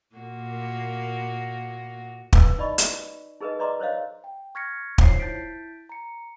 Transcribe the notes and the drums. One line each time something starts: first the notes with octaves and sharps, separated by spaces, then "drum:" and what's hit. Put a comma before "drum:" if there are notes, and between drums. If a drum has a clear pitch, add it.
A#2 A#3 F#4
B4 E6, drum: kick
D#4 D5 D#5 B5 C#6
drum: hi-hat
D#4 G#4 A#4 B4 D#5
B4 D5 D#5 A#5 C6 D6
A#4 C5 C#5 D#5 F5
G5
C#6 F6 G#6 A#6 B6 C#7
D#4 F4 C5 C#5 C7, drum: kick
E4 A5 G6 A6 B6 D7
A#5 C#7